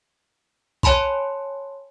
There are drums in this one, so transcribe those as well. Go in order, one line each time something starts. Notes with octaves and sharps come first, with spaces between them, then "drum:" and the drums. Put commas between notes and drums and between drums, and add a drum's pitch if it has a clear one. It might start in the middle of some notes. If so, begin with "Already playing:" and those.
C#5 G#5 A5 B5 C6, drum: kick